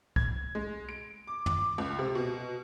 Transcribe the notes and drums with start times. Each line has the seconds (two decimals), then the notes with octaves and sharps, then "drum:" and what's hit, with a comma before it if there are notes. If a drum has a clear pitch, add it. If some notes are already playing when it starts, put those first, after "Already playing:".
0.16 G#6, drum: kick C2
0.55 G#3
0.89 D7
1.27 D6
1.46 D6, drum: tom
1.78 C#2
1.99 C3
2.15 B2